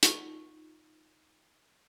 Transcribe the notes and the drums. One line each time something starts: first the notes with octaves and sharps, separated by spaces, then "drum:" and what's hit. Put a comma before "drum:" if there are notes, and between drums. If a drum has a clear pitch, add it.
D#4 F4 C#6, drum: hi-hat